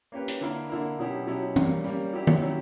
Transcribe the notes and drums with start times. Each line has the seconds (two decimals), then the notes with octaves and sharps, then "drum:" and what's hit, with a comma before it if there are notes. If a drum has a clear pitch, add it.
0.12 A#3 C#4 G4 B4
0.28 drum: hi-hat
0.41 D3 A#3 E4 A#4
0.69 D3 A#3 E4 A#4
0.99 B2 F#3 C#4 E4 G4
1.27 B2 F#3 C#4 E4 G4
1.56 G3 A#3 C#4, drum: tom
1.84 G3 A#3 C#4
2.13 F#3 C#4 E4 G4
2.27 drum: tom
2.42 F#3 C#4 E4 G4